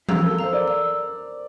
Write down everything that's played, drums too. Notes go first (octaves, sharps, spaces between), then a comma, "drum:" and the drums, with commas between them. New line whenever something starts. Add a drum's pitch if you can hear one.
F5 A#5 E6, drum: tom E3
A4 A#4
C5 F5 A#5 E6
A#4 D5
E6